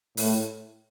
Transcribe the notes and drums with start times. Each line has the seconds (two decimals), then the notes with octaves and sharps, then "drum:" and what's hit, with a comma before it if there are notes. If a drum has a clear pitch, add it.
0.17 A2, drum: open hi-hat